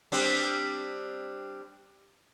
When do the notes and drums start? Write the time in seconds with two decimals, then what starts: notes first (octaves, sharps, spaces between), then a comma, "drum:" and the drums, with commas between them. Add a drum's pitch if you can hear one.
0.12 G3 C4 D4, drum: open hi-hat